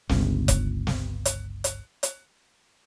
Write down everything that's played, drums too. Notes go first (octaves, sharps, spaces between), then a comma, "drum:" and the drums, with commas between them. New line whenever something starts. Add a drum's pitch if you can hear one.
G1 C#2, drum: snare
drum: kick F1, hi-hat
drum: snare
drum: hi-hat
drum: hi-hat
drum: hi-hat